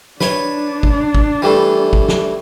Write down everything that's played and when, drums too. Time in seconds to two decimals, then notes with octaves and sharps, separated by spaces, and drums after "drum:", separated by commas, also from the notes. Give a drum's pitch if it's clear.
0.21 D4 B4 C#5, drum: snare
0.83 drum: kick G1
1.15 drum: kick G1
1.42 E3 G3 A3
1.93 drum: kick G1
2.08 drum: snare